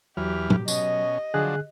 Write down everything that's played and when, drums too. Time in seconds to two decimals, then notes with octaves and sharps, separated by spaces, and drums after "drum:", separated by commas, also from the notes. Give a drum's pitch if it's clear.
0.17 E2 E3 F#3 G4 F6
0.50 drum: tom A#2
0.68 B2 C#4 D#5, drum: tambourine
1.34 D3 F3 F#3 D4 G#4 F#6